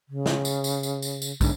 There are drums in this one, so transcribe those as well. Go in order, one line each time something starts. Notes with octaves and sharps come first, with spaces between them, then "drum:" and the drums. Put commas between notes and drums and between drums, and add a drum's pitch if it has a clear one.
C#3
drum: snare
drum: tambourine
drum: tambourine
drum: tambourine
drum: tambourine
drum: tambourine
G#2 D3, drum: kick, tambourine